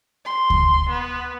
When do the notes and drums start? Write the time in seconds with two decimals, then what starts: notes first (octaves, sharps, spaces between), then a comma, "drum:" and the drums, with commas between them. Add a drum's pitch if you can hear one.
0.25 C6
0.50 drum: kick D2
0.89 B3